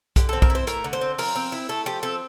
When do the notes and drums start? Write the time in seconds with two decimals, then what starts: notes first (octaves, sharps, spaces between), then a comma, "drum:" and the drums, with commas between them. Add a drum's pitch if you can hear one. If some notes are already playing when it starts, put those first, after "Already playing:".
0.16 D3 G4, drum: kick, hi-hat
0.29 A4
0.33 C4
0.42 A#4, drum: kick
0.50 E4
0.55 C5
0.67 A3 A#4, drum: hi-hat
0.84 D3
0.93 C5
1.01 C4
1.18 F3 A#4, drum: open hi-hat
1.36 C4
1.52 E4
1.69 A3 A4
1.86 F3 G4
2.03 C4 A4